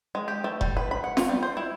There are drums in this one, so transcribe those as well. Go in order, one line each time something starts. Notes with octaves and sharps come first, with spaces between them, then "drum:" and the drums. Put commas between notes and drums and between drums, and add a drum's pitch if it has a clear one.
G#3
G4
A3
G3, drum: kick F1
B4
B5
F#5
F4, drum: snare
G3
C5
E4